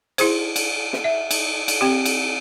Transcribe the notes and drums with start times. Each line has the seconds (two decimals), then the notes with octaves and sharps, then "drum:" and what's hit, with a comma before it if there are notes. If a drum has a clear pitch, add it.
0.18 E4 G#4 C5, drum: cymbal
0.56 drum: cymbal
0.93 drum: snare
1.04 E5
1.31 drum: cymbal
1.68 drum: cymbal
1.81 C4 G4
2.05 drum: cymbal